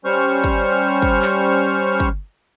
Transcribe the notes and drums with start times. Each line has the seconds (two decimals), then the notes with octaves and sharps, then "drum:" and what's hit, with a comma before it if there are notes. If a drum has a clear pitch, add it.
0.05 G3 C#4 C5 C#6 F6
0.44 drum: kick
1.02 drum: kick
1.22 drum: clap
2.00 drum: kick